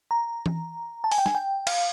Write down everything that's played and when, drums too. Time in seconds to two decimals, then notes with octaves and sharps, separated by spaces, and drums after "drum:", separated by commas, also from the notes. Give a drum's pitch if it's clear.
0.11 A#5
0.46 drum: tom E3
1.04 A5
1.11 G#5, drum: open hi-hat
1.18 G5
1.26 G#5, drum: snare
1.35 G5
1.67 F5, drum: cymbal